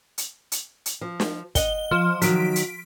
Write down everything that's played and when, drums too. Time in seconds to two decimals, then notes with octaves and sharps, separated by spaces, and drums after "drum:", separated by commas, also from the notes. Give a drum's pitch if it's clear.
0.18 drum: hi-hat
0.52 drum: hi-hat
0.86 drum: hi-hat
1.01 F3
1.20 drum: snare
1.55 D#5 F#5 G7, drum: kick, hi-hat
1.91 F3
2.22 D#3 F#3 B6 D7, drum: hi-hat
2.56 drum: hi-hat